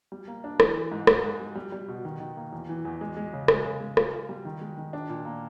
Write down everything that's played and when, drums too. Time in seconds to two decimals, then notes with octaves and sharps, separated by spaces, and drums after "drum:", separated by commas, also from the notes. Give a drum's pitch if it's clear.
0.12 G3
0.28 A#3
0.44 D4
0.60 E3, drum: rim click
0.76 E3
0.92 G#2
1.07 G#2, drum: rim click
1.24 G#2
1.40 G3
1.55 G3
1.72 G3
1.88 B2
2.05 D#3
2.20 D#3
2.37 A#3
2.52 E2
2.69 E3
2.85 E2
3.01 G#3
3.17 G#3
3.33 C#3
3.48 G#3, drum: rim click
3.64 C#3
3.80 G#3
3.97 F4, drum: rim click
4.13 F4
4.29 G3
4.45 D#3
4.61 G#3
4.78 D#3
4.93 D4
5.09 A#2
5.25 A#3